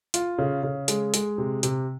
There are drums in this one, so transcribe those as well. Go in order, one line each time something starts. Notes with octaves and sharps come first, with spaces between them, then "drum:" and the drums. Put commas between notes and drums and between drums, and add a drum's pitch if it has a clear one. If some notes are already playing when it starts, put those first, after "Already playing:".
F4, drum: hi-hat
C#3
C#3
G#3, drum: hi-hat
G#3, drum: hi-hat
C3
C3, drum: hi-hat